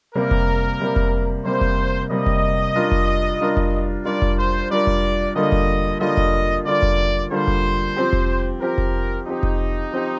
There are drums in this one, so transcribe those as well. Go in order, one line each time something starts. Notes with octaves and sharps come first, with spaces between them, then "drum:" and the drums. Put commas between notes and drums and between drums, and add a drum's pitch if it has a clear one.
C3 G3 A#3 A#4
drum: kick F1
C3 G3 A#3
drum: kick F1
C3 G3 A#3 C5
drum: kick F1
C3 G3 A#3 D#5
drum: kick F1
G3 D4 F4 A#4
drum: kick F1
G3 D4 F4 A#4
drum: kick F1
G3 D4 F4 A#4 D5
drum: kick F1
C5
G3 D4 F4 A#4 D5
drum: kick F1
D3 G3 A#3 F4 D#5
drum: kick F1
D3 G3 A#3 F4 D#5
drum: kick F1
D3 G3 A#3 F4 D5
drum: kick F1
D3 G3 A#3 F4 C5
drum: kick F1
F3 C4 G4
drum: kick F1
F3 C4 G4 A#4
drum: kick F1
F3 C4 D#4 G4
drum: kick F1
F3 C4 G4